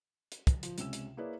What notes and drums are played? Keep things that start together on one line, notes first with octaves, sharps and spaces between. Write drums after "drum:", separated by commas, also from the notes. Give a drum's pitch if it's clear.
drum: hi-hat
drum: kick, hi-hat
F3, drum: hi-hat
C#2 C3 C#4 E6 E7, drum: hi-hat
drum: hi-hat
A#3 E4 G#4 B4 C#5 D5